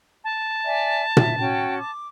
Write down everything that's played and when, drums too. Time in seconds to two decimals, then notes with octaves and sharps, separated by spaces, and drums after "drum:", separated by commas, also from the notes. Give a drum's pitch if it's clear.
0.24 A5
0.64 D5 E5 G#5
1.17 E5, drum: tom A#2
1.38 C#4 F#4 G5
1.79 D6